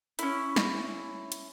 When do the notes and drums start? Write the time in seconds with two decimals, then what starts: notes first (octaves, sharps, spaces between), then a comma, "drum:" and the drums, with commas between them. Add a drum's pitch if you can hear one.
0.19 C#4 E4, drum: hi-hat
0.56 drum: snare
1.32 drum: hi-hat